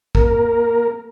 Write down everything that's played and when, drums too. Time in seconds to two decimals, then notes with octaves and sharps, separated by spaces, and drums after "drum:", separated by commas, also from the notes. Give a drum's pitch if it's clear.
0.15 A#3 A#4, drum: kick